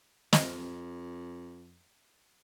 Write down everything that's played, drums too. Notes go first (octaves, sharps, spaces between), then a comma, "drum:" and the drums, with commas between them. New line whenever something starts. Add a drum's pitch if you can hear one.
F2 D#5, drum: snare